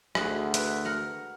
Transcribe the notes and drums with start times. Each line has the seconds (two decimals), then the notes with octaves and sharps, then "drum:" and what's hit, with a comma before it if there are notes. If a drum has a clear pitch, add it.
0.15 D2 F#4 G#4, drum: rim click
0.54 B4, drum: hi-hat
0.85 A#4 F#5 A#5